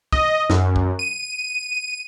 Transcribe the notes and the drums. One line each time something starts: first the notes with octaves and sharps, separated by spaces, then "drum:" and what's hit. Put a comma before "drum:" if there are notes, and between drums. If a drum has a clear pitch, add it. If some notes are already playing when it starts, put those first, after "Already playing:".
D#5, drum: kick
F#2, drum: snare
drum: kick
D#7